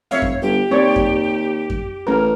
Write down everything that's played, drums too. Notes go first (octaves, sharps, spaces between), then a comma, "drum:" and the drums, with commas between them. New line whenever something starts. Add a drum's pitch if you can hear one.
F1 C#5 E5 F5
drum: kick F#2
G1 G4
D#2 C4 C#5 D5
drum: kick F#2
drum: kick F#2
A1 A#4